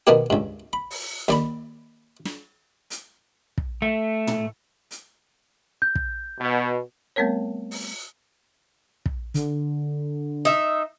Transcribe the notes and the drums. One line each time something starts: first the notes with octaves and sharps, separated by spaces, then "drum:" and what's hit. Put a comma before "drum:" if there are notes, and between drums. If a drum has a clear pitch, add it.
B2 D#3 A#3 B3 D4 G4
C#2 G2
B5
drum: open hi-hat
D#2 D5 B5, drum: snare
drum: snare
drum: hi-hat
drum: kick
A3
drum: tom
drum: hi-hat
G6
drum: kick
B2
G3 A3 B3 C4 A#4 C#5
drum: open hi-hat
drum: kick
D3, drum: hi-hat
D#4 E5